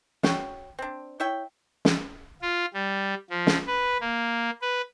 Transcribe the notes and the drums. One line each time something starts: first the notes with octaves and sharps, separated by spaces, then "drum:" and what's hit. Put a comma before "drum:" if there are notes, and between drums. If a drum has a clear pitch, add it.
F#4 C#5 F5 G5, drum: snare
C4 D4
E4 C#5 E5 G5
drum: snare
F4
G3
F3
drum: snare
B4
A#3
B4